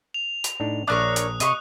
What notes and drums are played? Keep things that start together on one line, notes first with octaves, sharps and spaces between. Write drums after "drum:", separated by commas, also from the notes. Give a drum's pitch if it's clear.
F7
drum: hi-hat
A2 D4 D#4
A#1 D4 A#4 C#5 A5 D#6 F#6
drum: hi-hat
C3 D#5 C6 C#6, drum: hi-hat